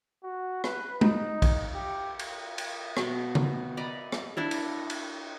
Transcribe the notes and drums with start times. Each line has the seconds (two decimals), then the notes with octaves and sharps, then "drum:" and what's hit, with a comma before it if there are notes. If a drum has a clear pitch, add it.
0.23 F#4
0.64 B4, drum: rim click
1.01 D#4, drum: tom G#3
1.42 drum: kick, cymbal
1.75 G4
2.19 drum: cymbal
2.58 drum: cymbal
2.97 B2, drum: rim click
3.35 drum: tom C#3
3.77 D5 D#5 A#5 B5
4.12 drum: rim click
4.37 D4 E4 A#4
4.51 drum: cymbal
4.90 drum: cymbal